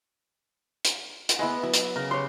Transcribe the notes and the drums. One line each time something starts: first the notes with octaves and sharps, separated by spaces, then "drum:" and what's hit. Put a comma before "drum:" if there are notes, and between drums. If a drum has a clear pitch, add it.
drum: hi-hat
drum: hi-hat
G#3 B3 E4 B4
F#3 E4
drum: hi-hat
C#3 A#4
G4 B4 C#5 C6